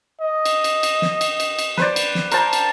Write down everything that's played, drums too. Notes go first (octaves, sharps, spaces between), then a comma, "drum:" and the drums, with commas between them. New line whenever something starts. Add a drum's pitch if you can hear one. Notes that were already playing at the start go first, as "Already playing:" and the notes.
D#5
drum: cymbal
drum: cymbal
drum: cymbal
drum: snare
drum: cymbal
drum: cymbal
drum: cymbal
B4 C5 D5, drum: snare
drum: cymbal
drum: snare
A#4 C5 A5, drum: cymbal
drum: cymbal